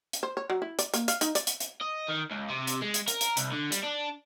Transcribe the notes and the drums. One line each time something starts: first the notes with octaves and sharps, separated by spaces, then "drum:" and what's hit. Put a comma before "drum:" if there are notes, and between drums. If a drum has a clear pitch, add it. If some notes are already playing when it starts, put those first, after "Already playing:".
drum: hi-hat
C5
C#5
F#3
E4
D5, drum: hi-hat
A#3, drum: hi-hat
F5, drum: hi-hat
D#4, drum: hi-hat
D5, drum: hi-hat
drum: hi-hat
drum: hi-hat
D#5
D#3
C#2
C3
drum: hi-hat
G#3
drum: hi-hat
A#4, drum: hi-hat
drum: hi-hat
C2, drum: hi-hat
D3
G3, drum: hi-hat
D4